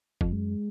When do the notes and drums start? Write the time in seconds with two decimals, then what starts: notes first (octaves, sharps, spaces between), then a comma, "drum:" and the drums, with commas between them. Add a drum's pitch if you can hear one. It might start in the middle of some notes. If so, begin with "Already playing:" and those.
0.21 F2, drum: kick
0.32 F#2 G#3